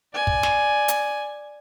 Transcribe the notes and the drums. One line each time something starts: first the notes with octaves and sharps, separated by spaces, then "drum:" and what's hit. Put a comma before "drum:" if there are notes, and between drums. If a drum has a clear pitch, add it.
D5 G#5
drum: kick
drum: snare
drum: hi-hat